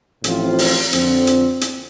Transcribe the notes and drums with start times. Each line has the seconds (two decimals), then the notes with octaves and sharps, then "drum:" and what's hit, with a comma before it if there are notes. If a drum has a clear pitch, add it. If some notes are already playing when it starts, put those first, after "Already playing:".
0.24 A1 A2 F3 C4 F4, drum: hi-hat
0.58 drum: open hi-hat
0.93 F2 D3 F3 C4, drum: hi-hat
1.27 drum: hi-hat
1.61 drum: hi-hat